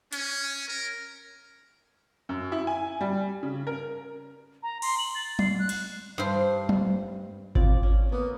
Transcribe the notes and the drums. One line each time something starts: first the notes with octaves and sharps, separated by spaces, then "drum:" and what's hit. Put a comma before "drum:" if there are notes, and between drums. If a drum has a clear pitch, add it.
C#4, drum: hi-hat
A#4
F#2
E4
G#5
G3
C#3
A#4
A#5
C6, drum: cymbal
F#7
A6
C7, drum: tom
F#6
drum: cymbal
G2 C5
drum: tom
C4 F4 D5, drum: kick G#1
C#4
A#3 B3